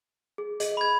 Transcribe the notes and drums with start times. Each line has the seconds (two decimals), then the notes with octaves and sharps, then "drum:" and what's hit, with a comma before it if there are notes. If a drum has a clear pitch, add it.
0.38 G#4
0.60 G#4 D#5 F#7, drum: hi-hat
0.77 B5 G#6